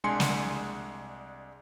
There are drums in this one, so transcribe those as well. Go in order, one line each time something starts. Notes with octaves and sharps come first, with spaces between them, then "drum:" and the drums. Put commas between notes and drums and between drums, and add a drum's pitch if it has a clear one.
C2 G#3 D4 G#5 C6 C#7
drum: snare